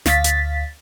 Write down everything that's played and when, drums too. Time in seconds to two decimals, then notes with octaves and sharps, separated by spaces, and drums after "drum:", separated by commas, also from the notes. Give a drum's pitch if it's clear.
0.06 D2 F5 A6 B6, drum: snare
0.24 drum: hi-hat